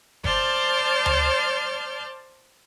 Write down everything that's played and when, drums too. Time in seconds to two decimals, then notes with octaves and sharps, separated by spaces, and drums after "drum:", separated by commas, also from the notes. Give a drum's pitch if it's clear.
0.24 C5 D5 A5 F6 G6, drum: kick G1
1.06 drum: tom D2